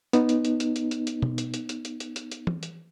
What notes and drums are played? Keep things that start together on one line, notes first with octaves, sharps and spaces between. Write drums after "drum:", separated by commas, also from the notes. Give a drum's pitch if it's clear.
B3 D#4, drum: hi-hat
drum: hi-hat
drum: hi-hat
drum: hi-hat
drum: hi-hat
drum: hi-hat
drum: hi-hat
drum: tom B2
drum: hi-hat
drum: hi-hat
drum: hi-hat
drum: hi-hat
drum: hi-hat
drum: hi-hat
drum: hi-hat
drum: tom
drum: hi-hat